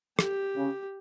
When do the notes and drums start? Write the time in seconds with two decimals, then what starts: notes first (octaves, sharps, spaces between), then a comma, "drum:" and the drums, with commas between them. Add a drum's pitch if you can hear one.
0.19 G4, drum: rim click
0.56 C#3